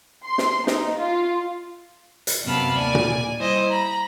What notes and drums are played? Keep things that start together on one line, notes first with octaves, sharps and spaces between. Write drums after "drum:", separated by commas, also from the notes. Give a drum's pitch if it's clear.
C6
drum: snare
D#4, drum: snare
F4
drum: hi-hat
F#2 C3 B3 F5 A5 B5
D#2 D5 G#5
drum: tom A#2
G3 E4 C5 D#5
A#5 B5